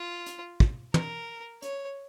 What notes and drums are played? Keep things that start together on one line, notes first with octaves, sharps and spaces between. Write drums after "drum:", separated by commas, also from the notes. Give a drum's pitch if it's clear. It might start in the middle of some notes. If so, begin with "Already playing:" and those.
Already playing: F4
drum: hi-hat
drum: kick
A#4, drum: tom
C#5, drum: hi-hat